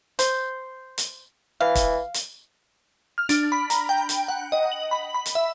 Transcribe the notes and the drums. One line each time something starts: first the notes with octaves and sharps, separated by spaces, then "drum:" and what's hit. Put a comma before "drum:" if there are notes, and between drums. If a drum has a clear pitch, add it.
C5, drum: hi-hat
drum: hi-hat
E3 F5
drum: kick, hi-hat
drum: hi-hat
F6
D4, drum: hi-hat
B5
A#5, drum: hi-hat
G5
drum: hi-hat
F#5
D#5
F#7
B5
B5
drum: hi-hat
E5